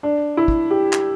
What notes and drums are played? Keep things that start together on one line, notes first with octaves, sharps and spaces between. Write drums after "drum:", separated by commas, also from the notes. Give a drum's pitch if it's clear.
D4
E4
drum: kick
G4
drum: clap